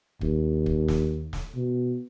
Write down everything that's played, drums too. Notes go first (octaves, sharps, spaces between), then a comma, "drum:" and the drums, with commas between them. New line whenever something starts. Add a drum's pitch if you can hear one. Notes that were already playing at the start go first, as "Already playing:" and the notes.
D#2, drum: kick
drum: kick
drum: snare
drum: snare
B2